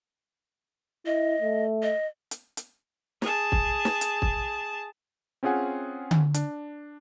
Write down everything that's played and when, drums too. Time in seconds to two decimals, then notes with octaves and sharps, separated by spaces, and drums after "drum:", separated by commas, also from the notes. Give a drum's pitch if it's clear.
1.06 E4 D#5
1.41 A3
1.83 D#5
2.31 drum: hi-hat
2.57 drum: hi-hat
3.22 G#4 A5, drum: snare
3.52 drum: kick
3.85 drum: snare
4.01 drum: hi-hat
4.22 drum: kick
5.43 C4 C#4 F4 G#4 F#5 G#5
6.11 drum: tom D3
6.34 D4, drum: hi-hat